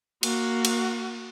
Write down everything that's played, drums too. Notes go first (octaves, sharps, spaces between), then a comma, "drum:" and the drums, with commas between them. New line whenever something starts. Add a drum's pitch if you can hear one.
A#3 F#4, drum: cymbal
drum: cymbal